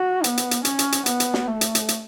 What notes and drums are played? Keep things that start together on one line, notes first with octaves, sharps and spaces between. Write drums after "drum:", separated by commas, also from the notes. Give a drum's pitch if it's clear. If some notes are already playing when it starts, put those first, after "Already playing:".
Already playing: F#4
B3, drum: hi-hat
drum: hi-hat
drum: hi-hat
C#4, drum: hi-hat
drum: hi-hat
drum: hi-hat
B3, drum: hi-hat
drum: hi-hat
drum: snare
A3
drum: hi-hat
drum: hi-hat
drum: hi-hat